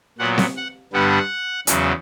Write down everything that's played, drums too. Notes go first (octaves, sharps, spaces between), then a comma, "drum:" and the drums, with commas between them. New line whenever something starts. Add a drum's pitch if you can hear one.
A#2 F#3 B3 F#5
drum: snare C4
F#5
G2 D3 G3 B3 F#5
E2 C#3 F#3, drum: hi-hat